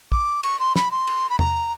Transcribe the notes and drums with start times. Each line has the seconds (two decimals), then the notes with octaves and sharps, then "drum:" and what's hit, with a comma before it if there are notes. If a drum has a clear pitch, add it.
0.12 D6, drum: kick
0.43 C#6, drum: cymbal
0.59 C6
0.76 B5, drum: snare
0.91 C6
1.07 drum: cymbal
1.30 B5
1.39 A#5, drum: tom E2